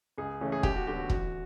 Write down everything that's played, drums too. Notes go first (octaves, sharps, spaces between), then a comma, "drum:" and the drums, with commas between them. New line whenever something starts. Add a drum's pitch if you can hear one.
C#2 G#4
C#3 E3 A3 C#4
G#4
D#2 G4, drum: kick
F#4
D3 F#3 B3 G4
F#4
A1 F#4, drum: kick